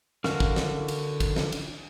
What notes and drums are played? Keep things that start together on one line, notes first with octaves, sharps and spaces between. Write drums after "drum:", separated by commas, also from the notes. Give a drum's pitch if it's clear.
D3 F#4 A#4 F5 F6, drum: snare
drum: kick
drum: snare
drum: cymbal
drum: kick, cymbal
drum: snare
drum: cymbal